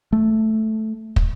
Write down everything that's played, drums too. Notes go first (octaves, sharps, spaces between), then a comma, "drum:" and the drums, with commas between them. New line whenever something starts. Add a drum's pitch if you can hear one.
A3
drum: kick